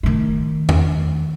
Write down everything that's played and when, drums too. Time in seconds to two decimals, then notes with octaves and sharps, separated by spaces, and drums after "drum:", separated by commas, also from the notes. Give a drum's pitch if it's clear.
0.03 D#3 A3
0.69 drum: tom E2